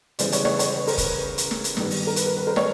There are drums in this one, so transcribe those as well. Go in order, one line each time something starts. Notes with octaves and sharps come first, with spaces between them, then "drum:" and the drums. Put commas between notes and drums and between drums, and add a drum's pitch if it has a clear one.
C#3 E3 G3 B3 C5 D5, drum: hi-hat
B4 C#5, drum: hi-hat
B4 C#5, drum: snare
C#5, drum: hi-hat
C5
B4
A#4 C5, drum: open hi-hat
B4, drum: kick, hi-hat
B4
drum: hi-hat
drum: snare
drum: hi-hat
G2 D#3 G3 B3, drum: snare
drum: open hi-hat
A#4
B4, drum: hi-hat
B4
B4
A#4 C5
B4 C#5, drum: snare